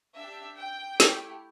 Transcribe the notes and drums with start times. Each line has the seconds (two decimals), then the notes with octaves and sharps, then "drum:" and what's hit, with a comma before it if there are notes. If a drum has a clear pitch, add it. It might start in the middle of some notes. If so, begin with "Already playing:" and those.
0.15 D4 G4 E5
0.57 G5
1.00 A3 E4 G4, drum: snare